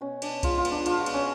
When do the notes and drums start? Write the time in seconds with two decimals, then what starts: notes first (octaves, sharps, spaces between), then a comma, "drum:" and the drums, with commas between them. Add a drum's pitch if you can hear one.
0.01 B2 C#4
0.22 B2 D4, drum: cymbal
0.43 G#3 F4, drum: kick C2, cymbal
0.58 F4
0.65 B3, drum: cymbal
0.72 D4
0.86 B2 F4, drum: cymbal
1.00 F#4
1.06 B2, drum: cymbal
1.14 C#4